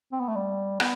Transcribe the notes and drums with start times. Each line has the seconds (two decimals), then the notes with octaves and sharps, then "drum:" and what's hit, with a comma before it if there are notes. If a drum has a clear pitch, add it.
0.12 C4
0.20 B3
0.28 A3
0.36 G3
0.80 B3, drum: rim click